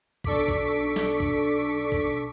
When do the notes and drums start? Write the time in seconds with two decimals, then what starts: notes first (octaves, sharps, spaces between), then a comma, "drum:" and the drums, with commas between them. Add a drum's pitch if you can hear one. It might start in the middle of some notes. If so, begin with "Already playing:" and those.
0.24 B1 D4 A4 C#6 D6 B6, drum: kick A#1
0.48 drum: kick A#1
0.96 drum: snare
1.20 drum: kick A#1
1.92 drum: kick A#1